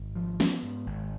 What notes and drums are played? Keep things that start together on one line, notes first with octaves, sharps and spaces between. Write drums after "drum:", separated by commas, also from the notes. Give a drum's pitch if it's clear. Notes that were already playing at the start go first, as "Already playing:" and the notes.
Already playing: G#1
F3
B3, drum: snare
drum: open hi-hat
G#2
G#1